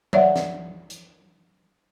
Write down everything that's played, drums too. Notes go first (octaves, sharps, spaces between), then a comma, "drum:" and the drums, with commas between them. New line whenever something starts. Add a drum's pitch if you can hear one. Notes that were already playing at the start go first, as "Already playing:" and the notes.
C#5 D5 E5 F#5, drum: tom F#3
drum: snare
drum: hi-hat